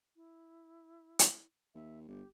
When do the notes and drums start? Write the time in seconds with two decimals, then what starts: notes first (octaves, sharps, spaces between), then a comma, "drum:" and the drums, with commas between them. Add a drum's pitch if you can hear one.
0.16 E4
1.19 drum: hi-hat
1.75 D#2 E5
2.08 G1 G4